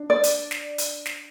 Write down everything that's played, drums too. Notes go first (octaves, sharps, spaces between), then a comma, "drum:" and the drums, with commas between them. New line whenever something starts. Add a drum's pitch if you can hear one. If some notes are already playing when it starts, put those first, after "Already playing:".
Already playing: D4
D5
drum: hi-hat
drum: snare
drum: hi-hat
drum: snare